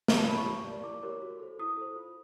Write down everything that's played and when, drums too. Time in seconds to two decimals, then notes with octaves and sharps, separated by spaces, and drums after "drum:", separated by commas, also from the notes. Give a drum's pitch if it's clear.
0.08 E4 A#5, drum: snare
0.18 A5
0.28 G#4 C#5 B5
0.37 C#6
0.45 G4
0.65 A#4 D5
0.83 E4 D6
1.03 G4 A#4 C#5
1.22 F#4
1.39 A4 C5
1.59 E4 D#6
1.77 A4 C5
1.96 F4